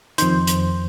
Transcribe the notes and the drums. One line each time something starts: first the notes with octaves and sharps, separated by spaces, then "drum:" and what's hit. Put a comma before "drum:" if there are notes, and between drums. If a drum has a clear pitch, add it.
F2 D#3 C5, drum: hi-hat
drum: hi-hat